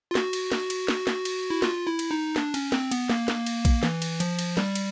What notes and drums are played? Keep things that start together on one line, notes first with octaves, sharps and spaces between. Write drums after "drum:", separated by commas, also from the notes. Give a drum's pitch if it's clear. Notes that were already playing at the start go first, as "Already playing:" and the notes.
F4
F#4, drum: snare
drum: cymbal
drum: snare
drum: cymbal
drum: snare
drum: snare
drum: cymbal
E4
F4, drum: snare
E4
drum: cymbal
D#4
D4, drum: snare
C#4, drum: cymbal
C4, drum: snare
B3, drum: cymbal
A#3, drum: snare
drum: snare
drum: cymbal
drum: kick A#1, cymbal
E3, drum: snare
drum: cymbal
F3, drum: cymbal
drum: cymbal
G3, drum: snare
drum: cymbal